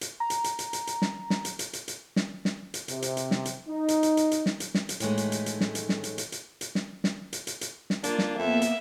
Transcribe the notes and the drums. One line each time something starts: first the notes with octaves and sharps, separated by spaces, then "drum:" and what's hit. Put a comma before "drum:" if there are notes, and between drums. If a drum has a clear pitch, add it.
drum: hi-hat
A#5
drum: hi-hat
drum: hi-hat
drum: hi-hat
drum: hi-hat
drum: hi-hat
drum: snare
drum: snare
drum: hi-hat
drum: hi-hat
drum: hi-hat
drum: hi-hat
drum: snare
drum: snare
drum: hi-hat
C3, drum: hi-hat
drum: hi-hat
drum: hi-hat
drum: snare
drum: hi-hat
D#4
drum: hi-hat
drum: hi-hat
drum: hi-hat
drum: hi-hat
drum: snare
drum: hi-hat
drum: snare
drum: hi-hat
A2 D#3 E3 G#3 A3, drum: hi-hat
drum: hi-hat
drum: hi-hat
drum: hi-hat
drum: snare
drum: hi-hat
drum: snare
drum: hi-hat
drum: hi-hat
drum: hi-hat
drum: hi-hat
drum: snare
drum: snare
drum: hi-hat
drum: hi-hat
drum: hi-hat
drum: snare
A#3 D4 F4, drum: hi-hat
drum: snare
F2 A#3 B3 E5
drum: hi-hat